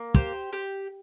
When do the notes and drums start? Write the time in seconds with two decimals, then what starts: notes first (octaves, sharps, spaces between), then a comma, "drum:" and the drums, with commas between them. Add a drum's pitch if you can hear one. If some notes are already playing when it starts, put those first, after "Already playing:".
Already playing: A#3
0.14 G4 C5, drum: kick
0.53 G4